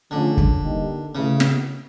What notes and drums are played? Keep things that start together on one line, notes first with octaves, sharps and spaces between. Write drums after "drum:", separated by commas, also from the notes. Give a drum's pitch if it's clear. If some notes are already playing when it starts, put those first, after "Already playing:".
D3 F3 A3 C#4 F4 G#4
drum: kick
G3 A#3 D#4 G4
A2 C#3 E3 A3
drum: snare